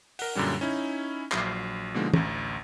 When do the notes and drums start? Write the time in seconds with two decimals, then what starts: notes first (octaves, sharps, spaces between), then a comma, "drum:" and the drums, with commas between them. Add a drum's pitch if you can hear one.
0.19 A#4 F#5, drum: open hi-hat
0.35 F#2 A#2 D3 G3 C#4
0.61 C#4 D#4 E4
1.32 A#1 F#3 C7, drum: clap
1.94 B2 D3 F3 G#3 A#3 D#4
2.14 A1 D2, drum: tom